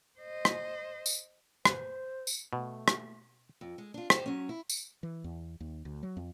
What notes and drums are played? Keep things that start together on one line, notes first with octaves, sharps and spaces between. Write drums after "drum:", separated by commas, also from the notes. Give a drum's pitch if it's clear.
C5 D#5
drum: rim click
drum: tambourine
B4 C5, drum: rim click
drum: tambourine
B2 A3
drum: rim click
F2
G#3
D4 F4
G4 A4 C5 D#5, drum: rim click
F#3 C#4
E4
drum: tambourine
E3
E2
D#2
D2
F#3
F2